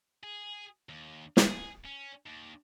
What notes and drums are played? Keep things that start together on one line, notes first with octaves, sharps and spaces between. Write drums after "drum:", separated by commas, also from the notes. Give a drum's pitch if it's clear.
G#4
D#2
G#4, drum: snare
C#4
D#2